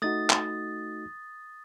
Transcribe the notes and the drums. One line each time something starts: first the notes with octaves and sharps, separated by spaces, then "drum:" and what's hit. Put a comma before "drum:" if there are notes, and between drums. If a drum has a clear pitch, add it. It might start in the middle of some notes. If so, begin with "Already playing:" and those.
A3 D#4 F#4 D#6 A6
drum: clap